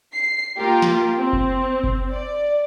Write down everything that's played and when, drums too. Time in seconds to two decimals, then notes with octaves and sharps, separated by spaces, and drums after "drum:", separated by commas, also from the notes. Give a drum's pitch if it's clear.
0.12 C7
0.57 A#3 F4 G4 A#4
0.82 drum: snare
1.19 C4
1.33 drum: kick F#1
1.84 drum: kick F#1
2.12 D5